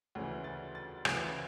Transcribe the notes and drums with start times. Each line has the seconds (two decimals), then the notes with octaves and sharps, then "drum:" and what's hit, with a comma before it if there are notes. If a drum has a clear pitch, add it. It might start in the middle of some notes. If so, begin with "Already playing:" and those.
0.15 D2 C#3 E3
0.44 A6
0.75 A6
1.05 D2 C#3 E3, drum: rim click